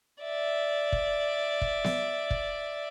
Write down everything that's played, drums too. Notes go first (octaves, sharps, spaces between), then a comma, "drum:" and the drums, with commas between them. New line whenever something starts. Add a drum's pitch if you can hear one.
D5 E5
drum: kick
drum: kick
drum: snare B3
drum: kick